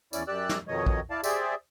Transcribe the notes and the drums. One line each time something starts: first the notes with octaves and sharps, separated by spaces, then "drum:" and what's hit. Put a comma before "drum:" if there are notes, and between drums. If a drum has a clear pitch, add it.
E2 C#4 E4 D5, drum: tambourine
F#2 G4 D5 E6 F#6
drum: snare
F2 B2 D#3 C#5 D#5
drum: kick
E4 D5 F5 A5
G4 G#4 C5 D5 E5, drum: tambourine